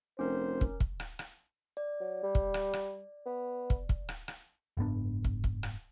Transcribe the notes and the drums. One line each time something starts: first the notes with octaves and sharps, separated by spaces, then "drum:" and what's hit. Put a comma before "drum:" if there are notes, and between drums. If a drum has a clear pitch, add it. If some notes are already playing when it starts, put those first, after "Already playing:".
F1 C#4 A#4 C5
drum: kick
drum: kick
drum: rim click
drum: rim click
D5
F#3
G3
drum: kick
drum: rim click
drum: rim click
B3
drum: kick
drum: kick
drum: rim click
drum: rim click
F#1 G#2 B3 D4
drum: kick
drum: kick
drum: rim click